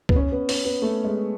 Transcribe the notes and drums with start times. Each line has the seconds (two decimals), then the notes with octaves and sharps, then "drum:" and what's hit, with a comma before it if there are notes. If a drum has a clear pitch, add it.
0.09 B3, drum: kick C#2
0.16 C#4
0.32 B3
0.49 C#4, drum: open hi-hat
0.65 B3
0.82 A3
1.05 G#3